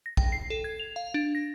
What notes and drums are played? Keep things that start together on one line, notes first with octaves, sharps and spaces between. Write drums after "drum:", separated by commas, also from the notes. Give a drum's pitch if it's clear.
A#6
G5, drum: kick
C7
A4
G#6
F7
F5
D4
A#6